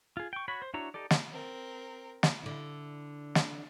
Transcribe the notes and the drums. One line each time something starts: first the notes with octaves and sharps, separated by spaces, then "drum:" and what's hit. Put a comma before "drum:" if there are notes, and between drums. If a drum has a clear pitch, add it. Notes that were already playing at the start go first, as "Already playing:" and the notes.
F4 G#4
G5 C#6
F#4 C#5 B5
C5
D4 E4 F#4 C#5 A#5
D#4 G4 A4 D5
drum: snare
C4 A#4
drum: snare
D3 E4
drum: snare